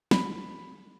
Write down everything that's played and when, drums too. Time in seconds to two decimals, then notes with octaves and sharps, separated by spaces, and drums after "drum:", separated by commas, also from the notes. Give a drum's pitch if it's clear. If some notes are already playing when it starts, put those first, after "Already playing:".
0.11 B5, drum: snare